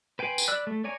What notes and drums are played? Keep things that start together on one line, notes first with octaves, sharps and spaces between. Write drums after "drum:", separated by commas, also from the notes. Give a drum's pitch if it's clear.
B4 G5 G#5 B5 C6
drum: tambourine
D5 B5 E6 F#6
A3
C#5 D5 G#5 A#5 C#6